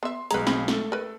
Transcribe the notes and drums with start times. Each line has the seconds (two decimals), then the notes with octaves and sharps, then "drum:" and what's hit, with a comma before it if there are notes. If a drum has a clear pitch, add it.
0.03 B3 E5 C6
0.31 B1 G#3 G#4 B4 A#5, drum: hi-hat
0.47 C4 F5 B5, drum: snare
0.68 A3 A4, drum: snare
0.92 A#4 B4